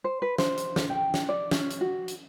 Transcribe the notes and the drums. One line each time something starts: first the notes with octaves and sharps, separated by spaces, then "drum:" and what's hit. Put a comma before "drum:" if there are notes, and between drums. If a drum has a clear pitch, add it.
C5
B4
C5, drum: snare
drum: hi-hat
drum: snare
G5
drum: snare
D5
C#4, drum: snare
drum: hi-hat
F#4
drum: hi-hat